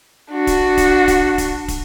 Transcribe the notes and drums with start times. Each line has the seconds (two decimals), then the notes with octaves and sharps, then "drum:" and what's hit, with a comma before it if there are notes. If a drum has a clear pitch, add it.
0.32 D4 F#4
0.47 drum: kick, hi-hat
0.77 drum: kick, hi-hat
1.08 drum: kick, hi-hat
1.38 drum: kick, hi-hat
1.68 drum: kick, hi-hat